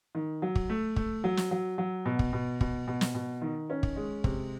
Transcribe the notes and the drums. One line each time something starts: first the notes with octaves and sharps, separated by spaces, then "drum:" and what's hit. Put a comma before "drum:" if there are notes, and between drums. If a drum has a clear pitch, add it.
D#3
F#3
drum: kick
A3
A3, drum: kick
F#3
drum: snare
F#3
F#3
B2
drum: kick
B2
B2, drum: kick
B2
drum: snare
B2
D#3
C#4
drum: kick
G#3
C3, drum: kick